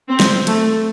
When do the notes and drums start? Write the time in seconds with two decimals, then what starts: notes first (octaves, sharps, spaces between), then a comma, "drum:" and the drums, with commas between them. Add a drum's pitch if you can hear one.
0.09 C4
0.20 drum: snare
0.47 A3, drum: cymbal